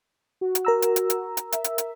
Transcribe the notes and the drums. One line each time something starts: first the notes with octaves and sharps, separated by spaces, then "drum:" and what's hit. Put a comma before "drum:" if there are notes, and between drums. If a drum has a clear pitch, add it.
F#4
drum: hi-hat
A#4 A#5 E6
drum: hi-hat
drum: hi-hat
drum: hi-hat
drum: hi-hat
E5, drum: hi-hat
drum: hi-hat
drum: hi-hat